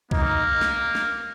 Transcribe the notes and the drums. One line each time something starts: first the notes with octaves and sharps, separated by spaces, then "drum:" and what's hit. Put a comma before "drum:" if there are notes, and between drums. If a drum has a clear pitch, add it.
A#3 D#4, drum: kick B1
drum: snare
drum: snare